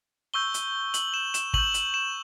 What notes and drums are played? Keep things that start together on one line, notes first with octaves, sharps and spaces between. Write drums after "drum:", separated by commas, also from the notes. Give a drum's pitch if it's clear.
C#6 E6 G6 G7
drum: hi-hat
F#7, drum: hi-hat
E7
E7, drum: hi-hat
C#6 E6 G6 F#7, drum: kick
F#7, drum: hi-hat
E7